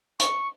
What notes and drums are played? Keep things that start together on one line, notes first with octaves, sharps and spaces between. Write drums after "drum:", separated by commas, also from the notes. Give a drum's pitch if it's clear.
C#6, drum: hi-hat